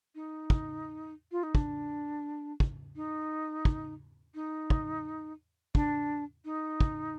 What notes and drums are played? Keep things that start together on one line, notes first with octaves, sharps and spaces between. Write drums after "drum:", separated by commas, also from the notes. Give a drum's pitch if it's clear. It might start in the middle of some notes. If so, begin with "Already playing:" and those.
D#4
drum: kick
F4
D#4
D4, drum: kick
drum: kick
D#4
drum: kick
D#4
drum: kick
D4, drum: kick
D#4
drum: kick